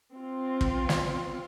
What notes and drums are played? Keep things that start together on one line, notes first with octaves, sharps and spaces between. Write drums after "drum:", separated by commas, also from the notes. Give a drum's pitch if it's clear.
C4 F4
drum: kick
drum: snare